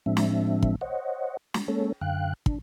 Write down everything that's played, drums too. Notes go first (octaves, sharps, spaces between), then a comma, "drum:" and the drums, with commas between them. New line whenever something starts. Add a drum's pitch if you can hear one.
A2 F3 G#3 C4 D4 E5
drum: snare
drum: kick
C5 C#5 D#5 F#5
drum: snare
G#3 A#3 C#4 A4 C#5
F#2 D3 F5 G5 F#6
D4, drum: kick